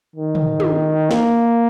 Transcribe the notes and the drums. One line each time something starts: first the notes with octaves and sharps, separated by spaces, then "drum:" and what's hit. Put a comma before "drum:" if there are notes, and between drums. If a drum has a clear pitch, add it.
D#3
drum: tom
drum: tom
A#3, drum: snare